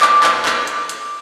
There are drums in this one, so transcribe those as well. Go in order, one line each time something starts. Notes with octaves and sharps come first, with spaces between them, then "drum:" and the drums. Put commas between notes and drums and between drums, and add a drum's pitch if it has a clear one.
D6, drum: clap
drum: clap
drum: clap
drum: hi-hat
drum: hi-hat